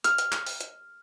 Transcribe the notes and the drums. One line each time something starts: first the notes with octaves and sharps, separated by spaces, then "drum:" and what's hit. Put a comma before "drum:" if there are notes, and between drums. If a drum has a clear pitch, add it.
F6, drum: hi-hat
drum: hi-hat
drum: clap
drum: open hi-hat
drum: hi-hat